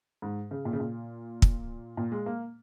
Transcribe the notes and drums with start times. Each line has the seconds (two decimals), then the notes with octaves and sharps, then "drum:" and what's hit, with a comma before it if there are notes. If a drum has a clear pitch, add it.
0.22 G#2
0.51 C#3
0.65 A#2
0.73 C#3
0.80 A#2
1.42 drum: kick
1.97 A#2
2.12 G#3
2.26 A#3